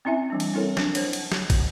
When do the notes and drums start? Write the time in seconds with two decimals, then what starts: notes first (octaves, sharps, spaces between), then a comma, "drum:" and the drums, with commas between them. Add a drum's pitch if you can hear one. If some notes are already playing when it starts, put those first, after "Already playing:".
0.05 C4 C#4 E4 E5 G#5
0.30 E3 G3 D4
0.40 drum: cymbal
0.54 C4 E4 A4 A#4 C#5
0.77 D4, drum: snare
0.95 C5 C#5, drum: cymbal
1.13 drum: cymbal
1.32 drum: snare
1.50 drum: kick, cymbal